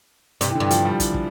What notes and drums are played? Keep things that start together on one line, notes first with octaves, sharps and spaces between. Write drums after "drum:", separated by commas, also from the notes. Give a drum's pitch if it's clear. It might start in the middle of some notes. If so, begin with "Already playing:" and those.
G2 C3, drum: hi-hat
E3
D3
G2
F3, drum: hi-hat
G3
E3, drum: kick, hi-hat
drum: kick